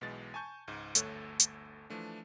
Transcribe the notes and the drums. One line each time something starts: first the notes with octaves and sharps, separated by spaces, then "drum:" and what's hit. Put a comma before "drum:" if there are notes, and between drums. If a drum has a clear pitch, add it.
B1 B2 E3 G#3 A6
G#5 A5 C#6 G6
C#2 G#2
G1 D2 A3 A4 C#5 F#6, drum: hi-hat
drum: hi-hat
E3 F3 A3 D4